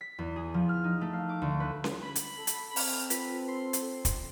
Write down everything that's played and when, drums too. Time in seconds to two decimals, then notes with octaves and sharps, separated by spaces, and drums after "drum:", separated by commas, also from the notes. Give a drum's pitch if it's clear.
0.01 B6
0.19 E2
0.36 G#4
0.54 F3
0.69 F6
0.84 D#4
1.01 A3
1.13 F5
1.29 D6
1.42 D2
1.60 B4
1.84 drum: snare C#4
2.03 B5
2.16 drum: hi-hat
2.38 A4
2.47 drum: hi-hat
2.76 C4 A#5 F6, drum: open hi-hat
3.10 F4 B4, drum: hi-hat
3.48 C6
3.73 drum: hi-hat
4.05 drum: kick, hi-hat